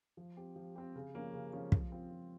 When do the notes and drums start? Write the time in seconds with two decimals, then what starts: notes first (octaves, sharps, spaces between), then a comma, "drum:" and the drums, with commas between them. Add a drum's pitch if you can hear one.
0.17 F3
0.37 C4 G4
0.56 F3
0.76 C4 G4
0.96 C#3
1.15 F3 A#3 C#4
1.33 C#3
1.53 F3 A#3 C#4
1.72 F3, drum: kick
1.92 C4 F4
2.11 F3